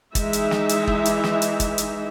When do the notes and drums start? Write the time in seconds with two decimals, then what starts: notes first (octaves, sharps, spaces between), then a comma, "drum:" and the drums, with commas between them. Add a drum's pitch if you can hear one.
0.15 E3 G#3 D#4 E5, drum: kick, hi-hat
0.33 drum: hi-hat
0.51 drum: snare
0.69 drum: hi-hat
0.87 drum: kick
1.05 drum: hi-hat
1.24 drum: snare
1.42 drum: hi-hat
1.60 drum: kick, hi-hat
1.78 drum: hi-hat